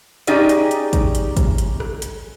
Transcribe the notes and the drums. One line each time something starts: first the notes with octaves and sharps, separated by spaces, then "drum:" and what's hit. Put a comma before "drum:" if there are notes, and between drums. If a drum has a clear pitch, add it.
C#4 D#4 G4 G#4 D5, drum: hi-hat
drum: hi-hat
drum: hi-hat
drum: kick, hi-hat
drum: hi-hat
drum: kick, hi-hat
drum: hi-hat
drum: rim click
drum: hi-hat